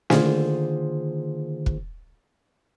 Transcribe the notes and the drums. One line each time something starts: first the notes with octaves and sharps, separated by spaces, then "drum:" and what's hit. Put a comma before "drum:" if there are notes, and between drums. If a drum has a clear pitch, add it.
D3 D#3 A#3 F4 G#4 C5, drum: snare
drum: kick